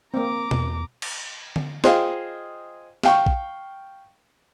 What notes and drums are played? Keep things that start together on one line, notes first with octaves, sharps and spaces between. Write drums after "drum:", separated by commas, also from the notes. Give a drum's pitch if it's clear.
A#3 C4 A#5 D6
E2, drum: tom B2
drum: cymbal
drum: tom D3
F4 G#4 C5 D#5 F5 G5, drum: snare
F5 G5 C#6, drum: snare
drum: kick A#1